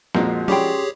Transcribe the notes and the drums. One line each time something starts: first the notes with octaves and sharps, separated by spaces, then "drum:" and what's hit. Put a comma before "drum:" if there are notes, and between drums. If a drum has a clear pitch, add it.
F2 A#2 F3 G#3 A#3 F#4, drum: snare
C#4 G4 G#4 C#5 D5 G5 B5 C6, drum: tom